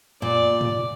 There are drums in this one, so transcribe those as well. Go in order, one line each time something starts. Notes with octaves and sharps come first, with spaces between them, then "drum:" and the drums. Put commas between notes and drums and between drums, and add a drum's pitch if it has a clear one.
A#2 D5
drum: tom G#2